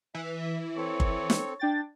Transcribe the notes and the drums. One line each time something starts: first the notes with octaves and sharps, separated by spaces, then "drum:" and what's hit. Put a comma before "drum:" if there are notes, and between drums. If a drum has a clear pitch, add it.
E3 E5
C4 A4 C#5
drum: kick G1
drum: snare
D4 G5 A6